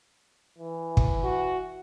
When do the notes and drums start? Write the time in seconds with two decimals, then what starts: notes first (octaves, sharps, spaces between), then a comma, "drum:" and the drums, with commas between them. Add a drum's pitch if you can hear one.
0.58 E3
0.97 drum: kick
1.24 F#4